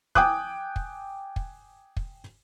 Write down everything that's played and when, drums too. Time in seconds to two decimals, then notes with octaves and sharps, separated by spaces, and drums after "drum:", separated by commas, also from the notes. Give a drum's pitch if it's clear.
0.15 G5 G#5 D6 D#6 F#6, drum: kick
0.76 drum: kick
1.36 drum: kick
1.97 drum: kick